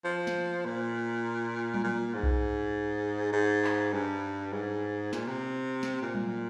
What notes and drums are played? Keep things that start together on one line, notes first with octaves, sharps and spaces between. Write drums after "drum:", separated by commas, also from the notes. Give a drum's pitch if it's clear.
F3
drum: snare
A#2
drum: tom F#3
A#2
G#2
drum: kick B1
G#2
drum: clap
G2
G#2
A#2, drum: snare
C3
drum: snare
A#2
drum: tom F#3